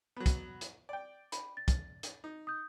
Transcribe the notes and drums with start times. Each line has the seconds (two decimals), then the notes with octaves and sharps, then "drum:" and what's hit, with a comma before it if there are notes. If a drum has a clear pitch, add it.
0.17 F#3 B3
0.26 drum: kick, hi-hat
0.61 drum: hi-hat
0.89 D5 G5
1.32 B5, drum: hi-hat
1.57 A6
1.68 drum: kick, hi-hat
2.03 drum: hi-hat
2.24 D#4
2.47 D#6 G6